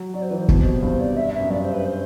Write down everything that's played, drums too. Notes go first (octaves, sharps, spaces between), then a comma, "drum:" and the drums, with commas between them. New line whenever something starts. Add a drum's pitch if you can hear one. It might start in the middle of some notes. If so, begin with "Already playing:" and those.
Already playing: F#3
F#3 D5
C5
E3 B4
C5
B2, drum: kick
C3
B2
G2 C5
D5
E5
E5
F#2
G2 D5
C5
B4
C5